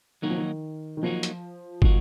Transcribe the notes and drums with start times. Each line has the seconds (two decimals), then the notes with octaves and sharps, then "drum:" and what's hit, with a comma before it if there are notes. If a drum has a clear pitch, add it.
0.22 D#3 F#3 A#3 D#4 F#4
0.30 F3
0.37 D#3
0.97 D#3
1.03 F3 F#3 A#3 D#4 F#4
1.23 drum: hi-hat
1.82 F#3 A#3 D#4 F#4, drum: kick